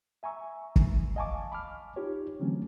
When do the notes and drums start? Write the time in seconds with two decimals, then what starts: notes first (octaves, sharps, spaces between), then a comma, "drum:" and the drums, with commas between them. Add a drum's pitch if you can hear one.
0.23 E5 G#5 A#5 C#6 E6
0.76 drum: kick
1.16 D#5 F5 G#5 A5 C#6 D6
1.52 B5 D6 F6
1.96 D#4 F4 G4 C#5
2.40 D3 E3 F#3 A3 C4 C#4